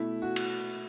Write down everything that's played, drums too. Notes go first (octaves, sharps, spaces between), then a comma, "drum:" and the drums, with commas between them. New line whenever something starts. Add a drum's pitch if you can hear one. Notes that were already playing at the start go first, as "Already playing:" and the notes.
Already playing: B2 A3 E4
F#4
drum: cymbal